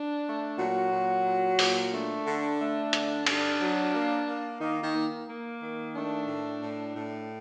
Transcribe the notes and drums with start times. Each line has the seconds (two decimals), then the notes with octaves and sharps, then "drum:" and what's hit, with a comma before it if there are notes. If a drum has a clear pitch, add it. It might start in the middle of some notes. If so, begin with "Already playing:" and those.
Already playing: D4
0.25 A3
0.58 A#2 F#3 F#4
0.92 A#2
1.25 A#2
1.59 A#2, drum: open hi-hat
1.93 A3 D4
2.26 D3
2.60 A3
2.93 D3, drum: hi-hat
3.26 G2 D4, drum: cymbal
3.61 F#3
3.94 A#3
4.27 A#3
4.61 D#3 A#3 D#4
4.83 D#3 D#4
4.94 A#3
5.28 A#3
5.61 D#3
5.94 A3 D4
6.28 A2
6.62 A2
6.96 A2